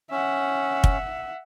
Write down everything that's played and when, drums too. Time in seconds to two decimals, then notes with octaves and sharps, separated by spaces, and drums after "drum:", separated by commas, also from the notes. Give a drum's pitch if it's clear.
0.11 C#4 E5 F#5
0.84 drum: kick